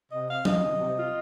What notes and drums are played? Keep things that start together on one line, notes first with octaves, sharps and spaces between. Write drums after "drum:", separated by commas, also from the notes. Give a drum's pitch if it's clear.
C3 D#5
C4 F5
F3 D#5, drum: tom F3
C3
C3
F4